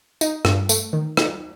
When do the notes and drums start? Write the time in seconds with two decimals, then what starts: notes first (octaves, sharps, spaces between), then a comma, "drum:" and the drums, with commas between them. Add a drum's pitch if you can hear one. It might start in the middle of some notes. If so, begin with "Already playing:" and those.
0.21 D#4, drum: tambourine
0.45 G2, drum: rim click
0.69 A3, drum: tambourine
0.93 D#3
1.17 D#4, drum: rim click